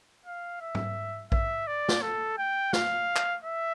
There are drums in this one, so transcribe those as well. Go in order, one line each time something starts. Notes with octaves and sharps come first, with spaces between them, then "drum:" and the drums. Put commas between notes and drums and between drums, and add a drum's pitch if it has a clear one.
F5
E5
drum: tom
E5, drum: kick A#1
D5
drum: snare
A4
G5
F5, drum: snare
drum: clap
E5